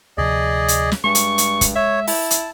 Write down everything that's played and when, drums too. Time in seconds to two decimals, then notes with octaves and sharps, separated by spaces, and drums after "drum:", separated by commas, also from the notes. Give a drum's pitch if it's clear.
0.18 D2 C3 F3 G#4 D5 D#5
0.68 drum: hi-hat
0.92 drum: snare
1.04 G2 G#3 C#6
1.15 drum: hi-hat
1.38 drum: hi-hat
1.61 drum: kick, hi-hat
1.76 C#5 E5
2.07 E4 A5, drum: open hi-hat
2.31 drum: hi-hat